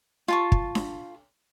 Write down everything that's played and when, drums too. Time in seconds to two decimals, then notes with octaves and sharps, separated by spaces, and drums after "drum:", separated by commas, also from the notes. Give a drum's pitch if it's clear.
0.28 F4 A5 C#6
0.52 drum: kick
0.75 drum: snare D4